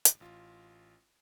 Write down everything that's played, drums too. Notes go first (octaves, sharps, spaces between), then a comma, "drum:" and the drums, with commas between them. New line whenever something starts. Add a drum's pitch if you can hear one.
drum: hi-hat
A1 F4